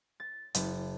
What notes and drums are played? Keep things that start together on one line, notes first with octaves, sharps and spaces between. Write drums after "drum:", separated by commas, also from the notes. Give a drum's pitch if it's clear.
A6
F#1, drum: hi-hat